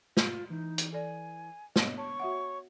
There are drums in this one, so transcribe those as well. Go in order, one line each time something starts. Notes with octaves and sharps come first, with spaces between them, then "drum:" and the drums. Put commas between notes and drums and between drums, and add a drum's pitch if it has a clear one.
F4, drum: snare
E3 D#4
drum: hi-hat
A4 D5 G#5
B3 D4 C#5 D#5, drum: snare
C#5 A5 C#6
F#4 E5 F#5